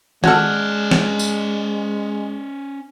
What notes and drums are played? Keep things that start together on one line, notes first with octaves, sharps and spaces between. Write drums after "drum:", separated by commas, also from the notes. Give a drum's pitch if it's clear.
G#3 C#4 F#4 A4 D5 F6 F#6 G#6, drum: tom D#3
drum: snare
drum: tambourine